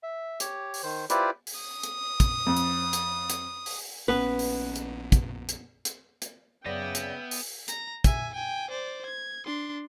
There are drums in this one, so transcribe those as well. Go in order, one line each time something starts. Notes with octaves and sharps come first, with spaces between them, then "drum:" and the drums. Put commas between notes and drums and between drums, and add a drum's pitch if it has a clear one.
E5
G4 C#5, drum: hi-hat
drum: open hi-hat
D#3 C5
E4 F4 G4 B4 C5 D5, drum: hi-hat
drum: open hi-hat
D#6
drum: hi-hat
drum: kick, hi-hat
F2
drum: hi-hat
drum: hi-hat
drum: hi-hat
drum: open hi-hat
A#1 A#2 B3 C#4 B4
drum: open hi-hat
drum: hi-hat
drum: kick, hi-hat
drum: hi-hat
drum: hi-hat
drum: hi-hat
F#2 C#3 B3 D5 E5 G5 A#6
drum: hi-hat
drum: open hi-hat
A#5, drum: hi-hat
E5 G#5, drum: kick, hi-hat
G5 G#5
C5 D5
G#6
D4 C6